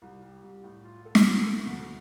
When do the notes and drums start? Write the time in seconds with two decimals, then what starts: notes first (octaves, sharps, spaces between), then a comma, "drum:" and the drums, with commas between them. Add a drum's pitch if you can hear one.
0.02 C2
0.22 G3
0.43 C2
0.64 A2
0.84 F4
1.05 A4
1.15 drum: snare
1.25 D2
1.46 A3
1.67 D2